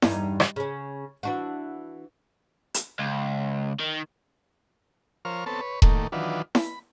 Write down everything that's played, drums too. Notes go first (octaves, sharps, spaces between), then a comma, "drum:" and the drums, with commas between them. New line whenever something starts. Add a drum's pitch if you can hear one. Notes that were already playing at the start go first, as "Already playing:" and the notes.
E2 G2 D#4, drum: snare E4
drum: rim click
C#3 C#4
E3 D4 F#4
drum: hi-hat
C#2
D#3
F3 A#4 C5 C#5 F6
B3 C4 A4 C#5 A5
B4 C#5
A2 D#3 A3 A#3, drum: kick E1
D#3 E3 F#3 D4 F4 B4
B5, drum: snare E4